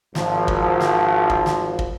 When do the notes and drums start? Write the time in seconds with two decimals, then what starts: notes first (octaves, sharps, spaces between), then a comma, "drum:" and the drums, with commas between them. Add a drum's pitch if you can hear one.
0.15 G#1 F3, drum: snare
0.48 drum: kick
0.81 drum: snare
1.30 drum: kick
1.46 drum: snare
1.79 drum: kick